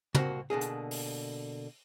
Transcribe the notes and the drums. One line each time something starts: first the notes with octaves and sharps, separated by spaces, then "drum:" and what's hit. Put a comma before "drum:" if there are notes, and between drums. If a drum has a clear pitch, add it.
C2 A#3 C4 F#4, drum: tom
B2 D3 A#3 G#4
drum: hi-hat
drum: open hi-hat